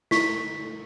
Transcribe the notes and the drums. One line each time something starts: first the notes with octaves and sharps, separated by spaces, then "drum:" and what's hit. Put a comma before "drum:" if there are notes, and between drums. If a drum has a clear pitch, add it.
E4 C#6 B6, drum: snare